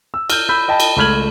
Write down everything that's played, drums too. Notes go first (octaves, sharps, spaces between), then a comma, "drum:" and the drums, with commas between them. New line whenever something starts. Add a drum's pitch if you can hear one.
E6
F6 G6, drum: cymbal
B5 E6 G6
D#5 G5 A5 B5
drum: cymbal
C#2 A3 B5 F6 G#6 F#7